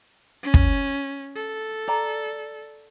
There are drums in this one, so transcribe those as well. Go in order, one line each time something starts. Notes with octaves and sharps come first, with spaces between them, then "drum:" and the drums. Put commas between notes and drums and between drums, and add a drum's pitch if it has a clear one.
C#4
drum: kick
A4
D5 A#5